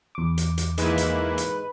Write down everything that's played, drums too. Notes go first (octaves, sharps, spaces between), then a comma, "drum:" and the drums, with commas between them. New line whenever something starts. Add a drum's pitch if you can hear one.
E2 D6
drum: hi-hat
drum: hi-hat
G#2 D#3 E3 G#3 A#3 E4 B4, drum: hi-hat
drum: hi-hat
drum: hi-hat